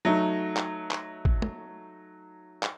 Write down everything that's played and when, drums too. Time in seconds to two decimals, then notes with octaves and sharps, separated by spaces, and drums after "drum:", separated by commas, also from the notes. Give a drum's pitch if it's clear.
0.05 F#3 A3 D#4
0.56 drum: clap
0.91 drum: clap
1.25 drum: kick G#1
1.42 drum: tom
2.63 drum: clap